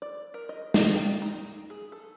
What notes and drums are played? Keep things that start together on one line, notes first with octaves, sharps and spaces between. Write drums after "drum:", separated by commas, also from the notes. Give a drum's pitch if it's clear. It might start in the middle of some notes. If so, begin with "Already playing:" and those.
D5
A#4
D#5
D5, drum: snare
G5
D#4
G#4
A4